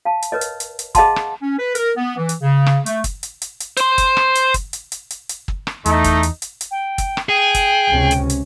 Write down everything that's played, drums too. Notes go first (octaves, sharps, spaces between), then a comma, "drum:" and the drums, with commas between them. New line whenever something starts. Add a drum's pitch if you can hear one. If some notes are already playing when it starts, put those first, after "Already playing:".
F5 A5
drum: hi-hat
A#4 B4 C#5 D#5
drum: hi-hat
drum: hi-hat
drum: hi-hat
G#4 D#5 F5 F#5 A5 C6, drum: kick, hi-hat
drum: rim click
C#4
B4
A#4, drum: hi-hat
B3
E3
drum: hi-hat
C#3
drum: rim click
A3, drum: hi-hat
drum: kick, hi-hat
drum: hi-hat
drum: hi-hat
drum: hi-hat
C5 C6, drum: hi-hat
drum: kick, hi-hat
drum: rim click
drum: hi-hat
drum: kick, hi-hat
drum: hi-hat
drum: hi-hat
drum: hi-hat
drum: hi-hat
drum: kick
drum: rim click
E2 A3 D#4, drum: hi-hat
drum: kick, hi-hat
drum: hi-hat
drum: hi-hat
drum: hi-hat
G5
drum: kick, hi-hat
drum: rim click
G#4 G5
drum: kick, hi-hat
C#2 C3 C#4
drum: hi-hat
drum: hi-hat